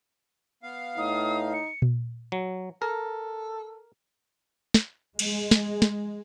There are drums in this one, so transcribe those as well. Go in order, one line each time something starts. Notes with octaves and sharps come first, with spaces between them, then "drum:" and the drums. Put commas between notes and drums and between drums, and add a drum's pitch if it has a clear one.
B3 F5
A2 D#4 D#6
C#7
drum: tom A#2
F#3
A4 A#4
drum: snare
G#3, drum: cymbal
drum: snare
drum: snare